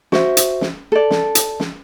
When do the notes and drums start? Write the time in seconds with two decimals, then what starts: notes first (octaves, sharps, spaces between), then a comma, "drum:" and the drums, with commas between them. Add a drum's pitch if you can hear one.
0.12 F#4 C5 E5, drum: snare
0.37 drum: hi-hat
0.61 drum: snare
0.92 A4 D5
1.11 drum: snare
1.35 drum: hi-hat
1.60 drum: snare